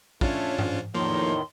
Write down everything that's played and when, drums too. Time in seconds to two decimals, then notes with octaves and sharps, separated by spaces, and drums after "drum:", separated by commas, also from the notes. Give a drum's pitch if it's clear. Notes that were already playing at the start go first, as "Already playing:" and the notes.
0.21 A3 C#4 D4 F4 C#5, drum: kick
0.59 G#2, drum: tom G2
0.95 E2 A2 D#3 F3 A#3 D#4 C#5 C6